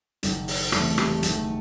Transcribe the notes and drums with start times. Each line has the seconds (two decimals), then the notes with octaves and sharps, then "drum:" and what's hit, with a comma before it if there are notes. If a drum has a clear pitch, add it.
0.23 F#1 F#2 D#3, drum: hi-hat
0.48 drum: open hi-hat
0.72 F#1 E2 C3 A3, drum: rim click
0.85 A3
0.98 G3, drum: rim click
1.10 A3
1.23 F#1 F#2 D#3 A3, drum: hi-hat